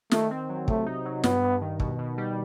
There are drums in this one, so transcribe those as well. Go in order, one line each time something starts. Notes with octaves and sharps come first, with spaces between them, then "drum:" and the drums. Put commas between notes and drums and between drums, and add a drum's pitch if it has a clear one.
D#3 A3, drum: snare
C4
F#3
C3 A3, drum: kick
D#4
F#3
G2 B3, drum: snare
G2
D#3
B2, drum: kick
B2
G3